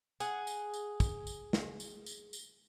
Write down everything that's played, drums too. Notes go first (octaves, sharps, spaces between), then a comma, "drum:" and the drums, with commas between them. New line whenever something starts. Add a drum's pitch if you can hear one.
G#4 F#5, drum: tambourine
drum: tambourine
drum: tambourine
drum: kick, tambourine
drum: tambourine
drum: snare
drum: tambourine
drum: tambourine
drum: tambourine